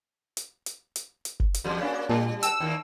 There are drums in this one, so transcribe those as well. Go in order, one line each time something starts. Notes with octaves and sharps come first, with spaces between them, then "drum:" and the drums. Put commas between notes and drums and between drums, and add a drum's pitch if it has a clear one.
drum: hi-hat
drum: hi-hat
drum: hi-hat
drum: hi-hat
drum: kick F#1
drum: hi-hat
E2 G3 F#4 G#4 C6
A#3 C#4 D4 F5 F#5 G#5
C#5 F#5 D6
A#2 G3 A5
C5 G5 A5 E6, drum: hi-hat
D#2 D#3 A#3 G5